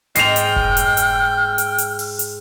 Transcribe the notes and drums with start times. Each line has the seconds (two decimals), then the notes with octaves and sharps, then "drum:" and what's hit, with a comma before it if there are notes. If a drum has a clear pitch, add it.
0.16 G#2 G#4 D#5 G5 F6 C7 F7, drum: hi-hat
0.36 drum: hi-hat
0.56 drum: kick F1
0.77 drum: hi-hat
0.97 drum: hi-hat
1.58 drum: hi-hat
1.78 drum: hi-hat
1.99 drum: open hi-hat
2.19 drum: hi-hat